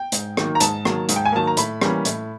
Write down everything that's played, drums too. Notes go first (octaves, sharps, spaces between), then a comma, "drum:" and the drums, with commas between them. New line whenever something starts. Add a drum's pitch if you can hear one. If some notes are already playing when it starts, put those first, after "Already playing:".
Already playing: G5
G#2, drum: hi-hat
D#3 F#3 A#3, drum: rim click
A#5
G#2 A5, drum: hi-hat
D#3 F#3 A#3, drum: rim click
G#2, drum: hi-hat
G5
G#5
D#3 F#3 A#3 A5
A#5
A2 B5, drum: hi-hat
E3 G3 A#3 C#4, drum: rim click
A2, drum: hi-hat